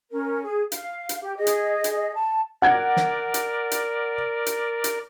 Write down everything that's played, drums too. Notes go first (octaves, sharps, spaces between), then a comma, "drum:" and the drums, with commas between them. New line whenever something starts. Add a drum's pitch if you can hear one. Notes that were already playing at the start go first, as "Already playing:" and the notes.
C#4 A#4
G#4
F5, drum: hi-hat
drum: hi-hat
G4
G#4 D#5
drum: hi-hat
drum: hi-hat
A5
A#4 D5 F#5 G#6
drum: snare
drum: hi-hat
drum: hi-hat
drum: hi-hat
drum: hi-hat